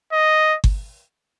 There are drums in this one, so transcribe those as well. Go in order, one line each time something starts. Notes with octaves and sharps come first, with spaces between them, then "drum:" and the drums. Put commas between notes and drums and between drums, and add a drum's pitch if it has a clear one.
D#5
drum: kick G1